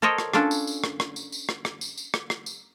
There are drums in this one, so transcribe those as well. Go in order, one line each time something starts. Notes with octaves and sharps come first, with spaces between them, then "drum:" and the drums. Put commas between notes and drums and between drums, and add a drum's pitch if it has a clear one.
A4 A#4 C5 C#5 D#5 G5
drum: rim click
C#4 D4 F4 A4 D5, drum: rim click
drum: tambourine
drum: tambourine
drum: rim click
drum: rim click
drum: tambourine
drum: tambourine
drum: rim click
drum: rim click
drum: tambourine
drum: tambourine
drum: rim click
drum: rim click
drum: tambourine